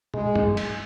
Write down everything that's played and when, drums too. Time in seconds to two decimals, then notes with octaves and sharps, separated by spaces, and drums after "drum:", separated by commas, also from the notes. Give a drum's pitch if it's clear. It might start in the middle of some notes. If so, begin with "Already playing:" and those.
0.14 G#3, drum: tom
0.36 drum: tom
0.57 drum: cymbal